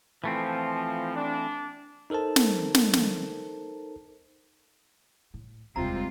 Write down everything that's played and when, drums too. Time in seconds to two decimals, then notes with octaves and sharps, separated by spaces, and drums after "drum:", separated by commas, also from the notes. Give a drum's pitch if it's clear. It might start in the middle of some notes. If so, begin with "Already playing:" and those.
0.24 E3 F3 A3 C4
1.14 D4
2.10 D#4 A4 A#4 C5 A5
2.36 drum: snare
2.75 drum: snare
2.93 drum: snare
5.34 A2
5.76 F1 D#2 C3 G3 G#3 C4 F4 A#5